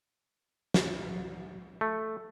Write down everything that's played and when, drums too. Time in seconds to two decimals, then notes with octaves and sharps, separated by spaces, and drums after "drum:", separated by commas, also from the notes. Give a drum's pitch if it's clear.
0.74 drum: snare
1.81 A3